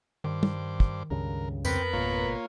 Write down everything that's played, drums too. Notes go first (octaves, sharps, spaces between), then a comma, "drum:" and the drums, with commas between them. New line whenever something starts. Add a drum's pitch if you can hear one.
G2 D#3 C5 D6
drum: tom
drum: kick
C#2 G2 C#3 A#4
F2 B3 C4 A#4 B4 G5, drum: tambourine
G#1 B2 A#3 F4 C#5